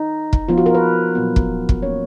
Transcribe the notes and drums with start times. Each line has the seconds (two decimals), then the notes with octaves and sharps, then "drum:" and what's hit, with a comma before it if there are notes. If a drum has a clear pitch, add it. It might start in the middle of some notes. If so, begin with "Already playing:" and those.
Already playing: D#4
0.33 drum: kick
0.49 F3 B3 F4
0.58 F#4
0.66 A#4
0.75 B4
1.15 A#2 F#3 B3
1.36 drum: kick
1.69 drum: kick
1.83 F3 A#3 C#4 C#5